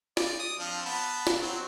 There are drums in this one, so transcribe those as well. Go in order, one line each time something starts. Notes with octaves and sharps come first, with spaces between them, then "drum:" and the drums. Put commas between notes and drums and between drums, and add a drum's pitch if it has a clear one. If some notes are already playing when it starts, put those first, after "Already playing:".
D5, drum: snare
D#6
F3 C4 D4
B3 A5
drum: snare
F#3 C4